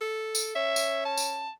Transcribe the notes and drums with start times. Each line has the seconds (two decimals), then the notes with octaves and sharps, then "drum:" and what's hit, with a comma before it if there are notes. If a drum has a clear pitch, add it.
0.01 A4
0.35 drum: tambourine
0.55 C#4 E5
0.76 drum: tambourine
1.05 A5
1.17 drum: tambourine